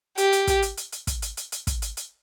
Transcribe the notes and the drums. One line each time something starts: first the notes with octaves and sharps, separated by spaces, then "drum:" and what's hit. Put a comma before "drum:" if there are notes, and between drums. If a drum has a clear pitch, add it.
G4, drum: hi-hat
drum: hi-hat
drum: kick, hi-hat
drum: hi-hat
drum: hi-hat
drum: hi-hat
drum: kick, hi-hat
drum: hi-hat
drum: hi-hat
drum: hi-hat
drum: kick, hi-hat
drum: hi-hat
drum: hi-hat